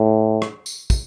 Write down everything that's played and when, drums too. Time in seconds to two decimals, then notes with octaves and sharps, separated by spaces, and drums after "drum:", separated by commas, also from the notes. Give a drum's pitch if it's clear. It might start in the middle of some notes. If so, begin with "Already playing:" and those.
Already playing: A2
0.42 drum: rim click
0.66 drum: tambourine
0.90 drum: kick, tambourine